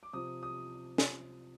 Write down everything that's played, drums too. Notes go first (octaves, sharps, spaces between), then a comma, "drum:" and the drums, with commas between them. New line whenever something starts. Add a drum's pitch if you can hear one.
D6
C3 F3 D#6
D#6
drum: snare